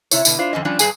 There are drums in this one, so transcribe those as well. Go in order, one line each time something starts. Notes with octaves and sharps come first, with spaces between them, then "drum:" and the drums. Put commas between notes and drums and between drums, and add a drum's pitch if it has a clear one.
C3 E4 C#5, drum: tambourine
B2 D3, drum: tambourine
D4 F4 C5
F2 D3 C#4 D#5
F3 G3 C#4 D4
G2 D#3 G#4 G#5, drum: tambourine